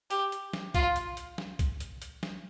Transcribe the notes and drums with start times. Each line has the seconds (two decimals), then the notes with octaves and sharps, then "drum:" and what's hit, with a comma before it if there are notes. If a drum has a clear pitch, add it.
0.11 G4, drum: hi-hat
0.32 drum: hi-hat
0.53 drum: snare
0.75 F4, drum: kick C2, hi-hat
0.96 drum: hi-hat
1.17 drum: hi-hat
1.38 drum: snare
1.59 drum: kick C2, hi-hat
1.80 drum: hi-hat
2.02 drum: hi-hat
2.23 drum: snare